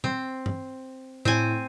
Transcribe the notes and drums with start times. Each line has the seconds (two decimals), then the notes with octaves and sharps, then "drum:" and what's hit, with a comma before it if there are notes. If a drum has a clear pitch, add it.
0.04 C4, drum: tom A#2
0.46 drum: tom G2
1.25 A2 C4 G#5